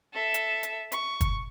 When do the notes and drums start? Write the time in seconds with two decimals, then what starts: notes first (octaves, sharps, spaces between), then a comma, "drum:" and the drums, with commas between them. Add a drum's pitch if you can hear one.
0.14 A4 E5
0.34 drum: hi-hat
0.63 drum: hi-hat
0.92 C#6, drum: hi-hat
1.21 drum: kick, hi-hat